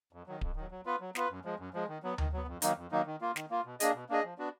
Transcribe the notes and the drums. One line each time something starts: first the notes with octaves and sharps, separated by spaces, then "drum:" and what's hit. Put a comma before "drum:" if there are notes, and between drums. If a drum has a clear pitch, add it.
F2
D#3 F#3
F2, drum: kick D1
D#3 F#3
F#3
B3 F4 B4
F#3
B3 F4 B4, drum: snare
F#2
F3 G#3
F#2
F3 G#3
D#3
F#3 B3
D#3, drum: tom D2
F#3 B3
F2
D#3 F#3 A#3 D#4, drum: hi-hat
F2
D#3 F#3 A#3 D#4
D#3
A#3 F4
D#3, drum: snare
A#3 F4
B2
A#3 D4 G#4 D#5, drum: hi-hat
B2
A#3 D4 G#4 D#5
F3
B3 D4 F#4